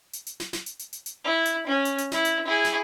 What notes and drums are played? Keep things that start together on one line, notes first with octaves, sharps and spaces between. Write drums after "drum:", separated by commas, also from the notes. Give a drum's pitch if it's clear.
drum: hi-hat
drum: hi-hat
drum: snare
drum: snare
drum: hi-hat
drum: hi-hat
drum: hi-hat
drum: hi-hat
E4
drum: hi-hat
C#4
drum: hi-hat
drum: hi-hat
E4, drum: snare
drum: hi-hat
E4 G#4
drum: snare